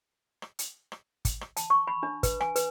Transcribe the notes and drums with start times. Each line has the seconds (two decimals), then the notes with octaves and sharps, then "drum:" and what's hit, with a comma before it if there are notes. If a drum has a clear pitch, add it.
0.42 drum: rim click
0.59 drum: hi-hat
0.92 drum: rim click
1.25 drum: kick, hi-hat
1.41 drum: rim click
1.57 A5, drum: hi-hat
1.70 C#6
1.87 B5
2.03 D4
2.23 B4, drum: kick, hi-hat
2.41 G#5, drum: rim click
2.56 B4, drum: hi-hat